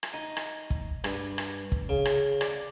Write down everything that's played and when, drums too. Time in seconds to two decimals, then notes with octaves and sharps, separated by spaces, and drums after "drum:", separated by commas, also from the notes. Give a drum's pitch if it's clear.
0.03 drum: rim click
0.14 D#4
0.37 drum: rim click
0.70 drum: kick
1.04 G2, drum: rim click
1.38 drum: rim click
1.72 drum: kick
1.89 C#3
2.05 drum: rim click
2.41 D5, drum: rim click